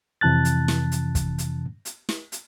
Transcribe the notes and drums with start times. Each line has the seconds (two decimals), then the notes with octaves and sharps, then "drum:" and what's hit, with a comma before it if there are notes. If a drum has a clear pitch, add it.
0.21 F2 C3 E3 A5 F#6 A6
0.45 drum: hi-hat
0.68 drum: snare
0.92 drum: hi-hat
1.15 drum: kick, hi-hat
1.38 drum: hi-hat
1.85 drum: hi-hat
2.09 drum: snare
2.32 drum: hi-hat